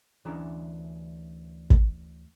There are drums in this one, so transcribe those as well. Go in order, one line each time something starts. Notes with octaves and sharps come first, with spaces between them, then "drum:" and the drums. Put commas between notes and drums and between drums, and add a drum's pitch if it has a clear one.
D2 E3 C#4 D4 A#5
drum: kick